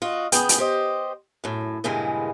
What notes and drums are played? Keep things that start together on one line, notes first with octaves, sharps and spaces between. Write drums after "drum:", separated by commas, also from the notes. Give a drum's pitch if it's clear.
F4 F#4 D#5
C#3 B3 G#4 G5, drum: hi-hat
drum: hi-hat
G4 C5 D#5
F#2 A2
G2 A#2 C#3 E3 G#3